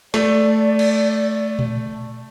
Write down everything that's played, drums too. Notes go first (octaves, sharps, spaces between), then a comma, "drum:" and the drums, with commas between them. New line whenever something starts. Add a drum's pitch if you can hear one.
A3 D5, drum: snare
drum: cymbal
drum: tom A#2